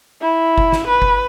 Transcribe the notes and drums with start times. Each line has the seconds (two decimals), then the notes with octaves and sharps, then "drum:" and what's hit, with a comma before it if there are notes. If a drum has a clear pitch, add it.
0.22 E4
0.58 drum: kick F#1
0.72 drum: snare
0.87 B4
1.02 drum: kick F#1